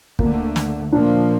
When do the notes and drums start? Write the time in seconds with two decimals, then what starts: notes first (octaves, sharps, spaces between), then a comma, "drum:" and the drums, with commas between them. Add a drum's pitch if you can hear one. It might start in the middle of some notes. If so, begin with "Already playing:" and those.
0.19 D2 D3 A3 A#3, drum: kick
0.56 drum: snare
0.92 A#2 F3 A#3 D4